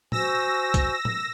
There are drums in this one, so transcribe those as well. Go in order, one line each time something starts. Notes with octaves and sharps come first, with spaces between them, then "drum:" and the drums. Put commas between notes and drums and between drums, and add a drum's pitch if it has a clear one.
F#4 C5 G#5 E6 A#6, drum: tom
drum: kick, hi-hat
drum: tom